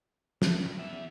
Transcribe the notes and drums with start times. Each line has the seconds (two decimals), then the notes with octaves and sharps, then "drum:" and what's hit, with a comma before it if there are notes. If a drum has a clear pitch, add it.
0.42 A3, drum: snare
0.56 C#2 G2
0.79 E2 E5